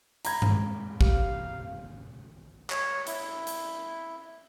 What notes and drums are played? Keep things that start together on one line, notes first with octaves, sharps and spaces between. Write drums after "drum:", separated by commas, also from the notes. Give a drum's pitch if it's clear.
A#5 B5 G#6, drum: hi-hat
drum: tom G2
G4 F5, drum: kick
C#5, drum: clap
E4, drum: hi-hat
drum: hi-hat